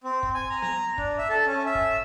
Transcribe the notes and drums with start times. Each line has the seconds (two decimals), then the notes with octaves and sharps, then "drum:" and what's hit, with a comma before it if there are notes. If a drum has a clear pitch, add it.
0.04 C4
0.23 drum: kick
0.35 G#5
0.50 A#5
0.62 A#5, drum: snare B3
0.98 D4, drum: kick
1.18 E5
1.30 A4
1.47 C#4
1.66 E5
1.75 drum: kick